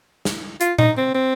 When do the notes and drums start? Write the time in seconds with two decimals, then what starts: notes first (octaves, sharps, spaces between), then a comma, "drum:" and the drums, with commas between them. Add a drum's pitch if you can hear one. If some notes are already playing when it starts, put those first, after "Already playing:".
0.25 drum: snare
0.61 F4, drum: hi-hat
0.79 D#4, drum: tom A#2
0.97 C4
1.14 C4